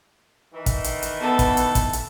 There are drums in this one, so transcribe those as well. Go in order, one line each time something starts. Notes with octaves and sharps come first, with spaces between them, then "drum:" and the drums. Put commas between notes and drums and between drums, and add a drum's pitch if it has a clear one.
D#3 E3
drum: kick, hi-hat
drum: hi-hat
drum: hi-hat
B3 A4
drum: kick, hi-hat
drum: hi-hat
drum: kick, hi-hat
drum: hi-hat